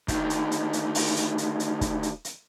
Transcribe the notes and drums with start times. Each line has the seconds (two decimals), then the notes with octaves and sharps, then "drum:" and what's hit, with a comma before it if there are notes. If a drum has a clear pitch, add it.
0.08 D2 D#3, drum: kick, hi-hat
0.30 drum: hi-hat
0.51 drum: hi-hat
0.73 drum: hi-hat
0.95 drum: open hi-hat
1.16 drum: hi-hat
1.38 drum: hi-hat
1.60 drum: hi-hat
1.81 drum: kick, hi-hat
2.03 drum: hi-hat
2.25 drum: hi-hat